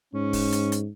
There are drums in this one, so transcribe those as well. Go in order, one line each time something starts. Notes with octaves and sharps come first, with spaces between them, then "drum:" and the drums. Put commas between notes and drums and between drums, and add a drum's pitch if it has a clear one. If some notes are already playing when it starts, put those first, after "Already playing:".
G#2 C#4
drum: kick, open hi-hat
drum: hi-hat
drum: hi-hat